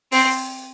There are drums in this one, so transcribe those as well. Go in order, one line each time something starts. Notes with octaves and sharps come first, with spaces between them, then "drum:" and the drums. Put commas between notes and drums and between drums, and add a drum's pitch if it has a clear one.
C4, drum: open hi-hat